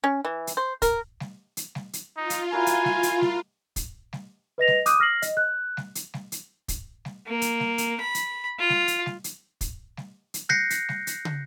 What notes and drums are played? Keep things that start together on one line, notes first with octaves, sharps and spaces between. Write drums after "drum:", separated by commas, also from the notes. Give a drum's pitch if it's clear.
C#4
E3
drum: hi-hat
C5
A#4, drum: kick, hi-hat
drum: snare G3
drum: hi-hat
drum: snare G3
drum: hi-hat
D#4 F4
drum: hi-hat
E4 F#4 A#4 G#5
drum: hi-hat
drum: snare G3
drum: hi-hat
drum: snare G3
drum: kick, hi-hat
drum: snare G3
B4 D#5 A#6 F7
drum: snare G3
D6 D#6 F#6 G6 D#7, drum: hi-hat
F6 A#6 C7 F#7
D#5, drum: hi-hat
F#6
drum: snare G3
drum: hi-hat
drum: snare G3
drum: hi-hat
drum: kick, hi-hat
drum: snare G3
A#3
drum: hi-hat
drum: snare G3
drum: hi-hat
B5
drum: hi-hat
F4
drum: snare G3
drum: hi-hat
drum: snare G3
drum: hi-hat
drum: kick, hi-hat
drum: snare G3
drum: hi-hat
F#6 G6 A#6 C7 C#7, drum: snare G3
drum: hi-hat
drum: snare G3
drum: hi-hat
drum: tom